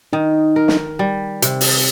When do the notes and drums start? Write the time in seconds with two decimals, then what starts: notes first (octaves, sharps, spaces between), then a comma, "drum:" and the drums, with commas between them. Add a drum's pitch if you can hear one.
0.13 D#3 D#4
0.56 A#4
0.68 drum: snare
0.99 G3
1.42 C3, drum: hi-hat
1.61 drum: open hi-hat